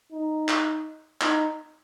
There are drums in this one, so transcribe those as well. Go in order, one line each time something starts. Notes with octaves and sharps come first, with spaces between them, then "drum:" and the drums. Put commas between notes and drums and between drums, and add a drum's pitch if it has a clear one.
D#4
drum: clap
D#4, drum: clap